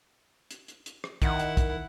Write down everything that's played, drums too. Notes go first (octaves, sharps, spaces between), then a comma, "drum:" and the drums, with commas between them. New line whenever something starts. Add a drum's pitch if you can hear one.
drum: hi-hat
drum: hi-hat
drum: hi-hat
drum: rim click
D#3 E4 F#5, drum: kick, hi-hat
drum: hi-hat
drum: kick, hi-hat